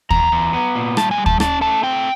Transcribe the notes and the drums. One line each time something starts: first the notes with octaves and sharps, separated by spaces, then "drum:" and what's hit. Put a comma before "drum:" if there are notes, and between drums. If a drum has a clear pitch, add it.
E2 A#5, drum: kick
E2
B3
A#2
G3 A5, drum: rim click
G#5
G3
A5, drum: kick
C#4 A5, drum: rim click
A3 A5
C4 G5